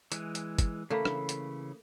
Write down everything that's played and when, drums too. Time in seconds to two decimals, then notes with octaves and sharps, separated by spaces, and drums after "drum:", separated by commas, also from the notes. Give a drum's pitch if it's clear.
0.12 E3 G#3, drum: hi-hat
0.35 drum: hi-hat
0.59 drum: kick, hi-hat
0.90 C#3 E3 A3 A#3 B5
1.05 drum: rim click
1.29 drum: hi-hat